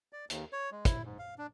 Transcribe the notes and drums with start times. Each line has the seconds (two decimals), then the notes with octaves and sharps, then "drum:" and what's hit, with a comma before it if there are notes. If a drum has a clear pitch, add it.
0.13 D5
0.30 D#2, drum: hi-hat
0.53 C#5
0.72 G#3
0.85 E4, drum: kick, hi-hat
1.05 G#2
1.19 F5
1.38 D4